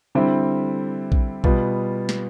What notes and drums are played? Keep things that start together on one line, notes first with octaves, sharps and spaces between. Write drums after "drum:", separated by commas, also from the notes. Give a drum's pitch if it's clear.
D3 G3 C4 E4
drum: kick A#1
B2 G3 B3 F4, drum: kick A#1
drum: snare